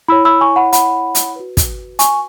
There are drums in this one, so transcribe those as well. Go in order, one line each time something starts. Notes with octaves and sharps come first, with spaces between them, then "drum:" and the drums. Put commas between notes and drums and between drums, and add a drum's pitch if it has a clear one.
E4 C#5 B5 E6
B5 E6
G#5 C#6
F#5 B5
F#5 B5, drum: hi-hat
drum: hi-hat
F#4 B4
drum: kick, hi-hat
G#5 C#6, drum: hi-hat